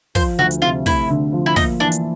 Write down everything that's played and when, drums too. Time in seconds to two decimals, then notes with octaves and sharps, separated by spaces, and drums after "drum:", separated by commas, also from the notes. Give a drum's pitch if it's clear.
0.15 F3 C5, drum: kick, open hi-hat
0.38 D2 F#4
0.51 drum: hi-hat
0.62 C3 F4
0.86 A3 E4, drum: kick, open hi-hat
1.10 D3
1.33 F3
1.46 E4
1.56 A#3 D#4, drum: kick, open hi-hat
1.80 E3 D4
1.92 drum: hi-hat